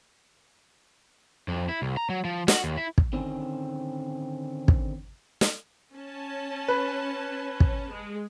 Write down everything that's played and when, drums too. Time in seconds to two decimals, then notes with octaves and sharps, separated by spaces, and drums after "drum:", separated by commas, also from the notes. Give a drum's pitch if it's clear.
1.48 F2
1.69 E4
1.82 C2
1.97 A#5
2.10 F#3
2.25 F3
2.48 F#4, drum: snare
2.64 D#2
2.77 E4
2.98 drum: kick
3.13 D3 D#3 C4 C#4
4.68 drum: kick
5.41 drum: snare
5.95 C#4 A5
6.68 B4
7.60 drum: kick
7.93 G#3